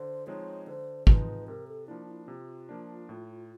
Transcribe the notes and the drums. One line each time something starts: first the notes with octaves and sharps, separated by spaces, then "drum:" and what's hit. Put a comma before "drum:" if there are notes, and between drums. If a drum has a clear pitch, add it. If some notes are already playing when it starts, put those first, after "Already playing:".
Already playing: D3 C5
F3 G#3 C4 D#4 C#5
D3 C5
F3 G#3 C4 D#4 B4, drum: kick
C3 A#4
A4
F3 A#3 D4 E4
E4
C3 F4
F3 A#3 D4
A2